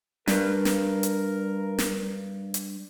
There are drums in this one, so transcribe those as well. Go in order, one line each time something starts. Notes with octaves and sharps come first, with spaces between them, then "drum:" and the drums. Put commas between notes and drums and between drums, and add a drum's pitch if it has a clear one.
G2 A#4, drum: snare
drum: snare
drum: hi-hat
drum: snare
drum: hi-hat